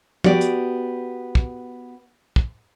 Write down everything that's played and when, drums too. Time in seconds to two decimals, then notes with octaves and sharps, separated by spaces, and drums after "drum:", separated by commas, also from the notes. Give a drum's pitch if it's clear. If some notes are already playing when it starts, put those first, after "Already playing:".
0.24 B3 F#4 G4 D5, drum: tom
0.41 drum: hi-hat
1.35 drum: kick
2.36 drum: kick